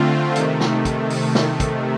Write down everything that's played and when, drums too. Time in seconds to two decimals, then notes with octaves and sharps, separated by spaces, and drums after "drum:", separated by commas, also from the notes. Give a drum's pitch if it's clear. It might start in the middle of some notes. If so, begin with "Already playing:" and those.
Already playing: D3 A3 C4 F4
0.36 C3 D#3 A3, drum: hi-hat
0.60 drum: snare
0.85 drum: kick, hi-hat
1.10 drum: open hi-hat
1.35 drum: snare
1.60 drum: kick, hi-hat